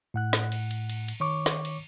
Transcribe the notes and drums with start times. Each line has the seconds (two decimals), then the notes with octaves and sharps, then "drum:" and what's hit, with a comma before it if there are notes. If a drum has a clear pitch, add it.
0.14 A2 F#5 F#6
0.33 drum: snare
0.52 drum: cymbal
0.71 drum: cymbal
0.90 drum: cymbal
1.08 drum: cymbal
1.20 D#3 C#5 C#6 D6
1.46 drum: snare
1.65 drum: cymbal